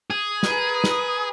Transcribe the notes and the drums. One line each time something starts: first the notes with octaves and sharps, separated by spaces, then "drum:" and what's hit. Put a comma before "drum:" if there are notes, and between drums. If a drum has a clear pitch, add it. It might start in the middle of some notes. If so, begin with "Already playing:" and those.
G#4
A#4 B4, drum: snare
drum: snare